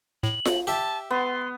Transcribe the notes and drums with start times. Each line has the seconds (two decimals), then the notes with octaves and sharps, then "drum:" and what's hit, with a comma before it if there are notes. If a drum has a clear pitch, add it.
0.23 A2 F#7
0.45 drum: snare F4
0.67 G4 E5 A5
1.11 B3 C6